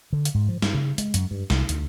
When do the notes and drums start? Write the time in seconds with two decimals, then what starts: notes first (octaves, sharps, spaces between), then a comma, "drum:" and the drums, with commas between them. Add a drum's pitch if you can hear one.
0.13 D3
0.25 drum: hi-hat
0.35 G#2
0.48 F3
0.62 G2, drum: snare
0.74 C#3
0.98 G#3, drum: hi-hat
1.14 F#2, drum: hi-hat
1.31 G2
1.50 C2, drum: snare
1.69 D2, drum: hi-hat